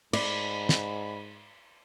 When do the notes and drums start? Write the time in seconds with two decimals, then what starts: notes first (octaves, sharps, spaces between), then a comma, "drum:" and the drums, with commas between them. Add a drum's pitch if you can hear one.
0.13 G#2 D5 B5, drum: cymbal
0.69 drum: snare